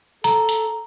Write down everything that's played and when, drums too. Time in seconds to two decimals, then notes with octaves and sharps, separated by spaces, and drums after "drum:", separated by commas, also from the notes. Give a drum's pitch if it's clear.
0.24 A4 A#5, drum: hi-hat
0.49 drum: hi-hat